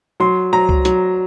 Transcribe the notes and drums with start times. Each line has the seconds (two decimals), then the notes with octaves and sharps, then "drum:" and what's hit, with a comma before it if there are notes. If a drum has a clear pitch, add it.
0.20 F#3 C6
0.53 F#3 A#5
0.69 drum: kick C2
0.85 F#3, drum: hi-hat